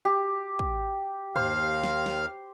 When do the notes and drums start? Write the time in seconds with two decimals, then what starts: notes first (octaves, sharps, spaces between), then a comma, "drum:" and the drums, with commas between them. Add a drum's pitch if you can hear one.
0.05 G4
0.59 drum: kick
1.36 D#2 C5 F5 F6, drum: tom G2
1.83 drum: snare
2.06 drum: snare